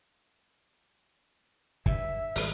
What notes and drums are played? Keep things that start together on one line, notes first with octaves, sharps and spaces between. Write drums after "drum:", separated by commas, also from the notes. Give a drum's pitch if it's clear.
G2 E5, drum: kick
G#1 G3, drum: open hi-hat